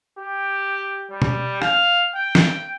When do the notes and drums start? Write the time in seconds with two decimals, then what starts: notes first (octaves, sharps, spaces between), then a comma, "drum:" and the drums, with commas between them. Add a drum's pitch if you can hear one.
0.19 G4
1.11 G3
1.22 drum: tom
1.62 F5, drum: rim click
2.15 G5
2.35 drum: snare